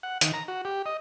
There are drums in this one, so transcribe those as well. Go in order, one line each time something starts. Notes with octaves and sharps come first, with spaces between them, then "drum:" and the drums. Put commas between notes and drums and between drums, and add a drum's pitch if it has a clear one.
F#5
D#3, drum: hi-hat
A#5
F#4
G4
D#5